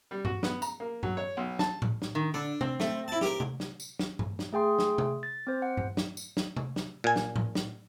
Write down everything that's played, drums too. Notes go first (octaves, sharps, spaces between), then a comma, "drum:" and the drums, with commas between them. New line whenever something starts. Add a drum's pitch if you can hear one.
G3
F#4, drum: tom G2
B3, drum: snare
A#5, drum: tambourine
A#3
F#3, drum: tom G2
C#5
B1
A5, drum: snare
drum: tom A2
drum: snare
D#3
D3 D4
C4, drum: tom C3
A3, drum: snare
E4 A5
G4 A#4, drum: snare
drum: tom C3
drum: snare
drum: tambourine
drum: snare
drum: tom G2
drum: snare
A3 G#4 G5 C6
drum: snare
drum: tom C3
A6
C4 C5
F#5
drum: tom G2
drum: snare
drum: tambourine
drum: snare
drum: tom C3
drum: snare
A#2 G#5
drum: snare
drum: tom A2
drum: snare